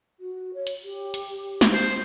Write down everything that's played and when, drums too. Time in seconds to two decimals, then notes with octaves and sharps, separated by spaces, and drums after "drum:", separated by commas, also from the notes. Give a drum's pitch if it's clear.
0.19 F#4
0.53 C#5
0.67 drum: hi-hat
0.83 G4
1.14 drum: hi-hat
1.61 drum: snare
1.74 C5